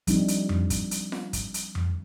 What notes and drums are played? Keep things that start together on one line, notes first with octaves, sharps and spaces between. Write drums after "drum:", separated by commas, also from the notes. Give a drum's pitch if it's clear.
F3 G3 C4 D4 D#4, drum: kick, hi-hat
drum: hi-hat
drum: tom F2
drum: kick, hi-hat
drum: hi-hat
drum: snare F4
drum: kick, hi-hat
drum: hi-hat
drum: tom F2